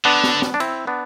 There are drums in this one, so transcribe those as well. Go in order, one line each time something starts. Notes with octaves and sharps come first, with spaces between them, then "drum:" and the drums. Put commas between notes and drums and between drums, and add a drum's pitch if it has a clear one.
D3 B3 D4
drum: snare
drum: snare
D4
C4 E4, drum: cymbal
B3 D4